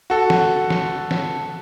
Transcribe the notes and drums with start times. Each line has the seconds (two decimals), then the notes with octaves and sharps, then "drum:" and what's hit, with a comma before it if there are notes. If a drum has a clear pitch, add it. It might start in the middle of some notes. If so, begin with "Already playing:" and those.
0.10 F#4 A4
0.30 drum: snare
0.70 drum: snare
1.11 drum: snare